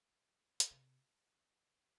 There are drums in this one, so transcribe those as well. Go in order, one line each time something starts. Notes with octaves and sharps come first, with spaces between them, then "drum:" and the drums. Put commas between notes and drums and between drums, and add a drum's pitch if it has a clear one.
drum: hi-hat
C3